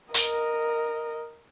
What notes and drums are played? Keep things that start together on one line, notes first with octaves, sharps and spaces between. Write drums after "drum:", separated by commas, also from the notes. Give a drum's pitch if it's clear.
A#4 D#5, drum: hi-hat